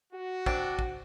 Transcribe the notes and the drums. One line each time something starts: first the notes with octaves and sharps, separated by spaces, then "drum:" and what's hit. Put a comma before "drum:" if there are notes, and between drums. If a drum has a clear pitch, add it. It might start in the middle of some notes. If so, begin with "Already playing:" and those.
F#4
C4 D4, drum: kick
drum: kick